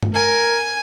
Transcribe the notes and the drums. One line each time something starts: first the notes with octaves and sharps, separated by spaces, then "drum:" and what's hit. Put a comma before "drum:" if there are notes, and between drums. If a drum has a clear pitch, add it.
drum: tom
A#4 G#5